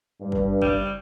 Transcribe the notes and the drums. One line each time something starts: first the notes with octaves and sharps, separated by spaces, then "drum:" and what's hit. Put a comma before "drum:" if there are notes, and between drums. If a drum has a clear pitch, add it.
G2
drum: kick
G3, drum: kick